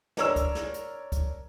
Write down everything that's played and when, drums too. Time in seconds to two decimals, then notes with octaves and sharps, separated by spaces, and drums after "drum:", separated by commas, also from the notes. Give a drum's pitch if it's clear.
0.17 D4 A#4 C#5 E6 E7, drum: snare
0.36 drum: kick, hi-hat
0.55 drum: snare
0.74 drum: hi-hat
1.12 drum: kick, hi-hat